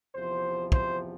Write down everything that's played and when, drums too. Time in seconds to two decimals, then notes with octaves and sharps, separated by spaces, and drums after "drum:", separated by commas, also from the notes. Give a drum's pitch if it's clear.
0.14 E2 C3 F3 C5
0.72 C5, drum: kick